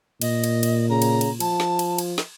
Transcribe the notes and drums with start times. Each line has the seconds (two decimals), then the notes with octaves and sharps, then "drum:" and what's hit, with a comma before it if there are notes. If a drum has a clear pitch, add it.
0.21 A#2 D#5, drum: cymbal
0.44 drum: cymbal
0.63 drum: cymbal
0.89 C#3 A#5
1.02 drum: cymbal
1.21 drum: cymbal
1.40 F3 A5, drum: cymbal
1.60 drum: snare
1.79 drum: cymbal
1.98 drum: cymbal
2.18 drum: snare